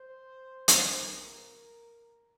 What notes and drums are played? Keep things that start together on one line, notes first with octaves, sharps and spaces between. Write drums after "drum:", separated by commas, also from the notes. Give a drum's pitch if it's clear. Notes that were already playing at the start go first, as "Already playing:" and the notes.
Already playing: C5
drum: hi-hat
E2 B2 G#3 A#4